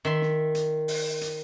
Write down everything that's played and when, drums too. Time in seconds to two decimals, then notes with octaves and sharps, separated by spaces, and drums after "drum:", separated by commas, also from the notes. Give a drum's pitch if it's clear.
0.05 D#3 E5 C6
0.21 drum: snare
0.55 drum: hi-hat
0.88 drum: open hi-hat
1.21 drum: hi-hat